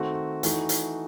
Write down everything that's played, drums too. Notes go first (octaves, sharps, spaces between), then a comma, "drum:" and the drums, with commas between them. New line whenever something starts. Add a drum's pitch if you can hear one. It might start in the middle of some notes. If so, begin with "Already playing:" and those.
Already playing: D#3 A3 C4 F#4
E3 A3 D#4 F#4, drum: hi-hat
drum: hi-hat